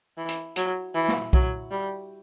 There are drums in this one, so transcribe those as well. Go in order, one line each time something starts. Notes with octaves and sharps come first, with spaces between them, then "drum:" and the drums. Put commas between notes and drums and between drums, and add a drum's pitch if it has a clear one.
E3
drum: hi-hat
F#3, drum: hi-hat
E3
drum: snare
F#3, drum: kick B1
G3